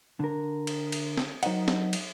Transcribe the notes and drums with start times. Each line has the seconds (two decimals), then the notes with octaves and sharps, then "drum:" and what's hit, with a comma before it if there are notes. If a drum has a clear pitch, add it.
0.20 D3 A#4
0.67 drum: cymbal
0.92 drum: cymbal
1.18 drum: snare
1.43 F#3 D#4 A#4 C5 D#5 F#5, drum: cymbal
1.68 drum: snare
1.93 drum: cymbal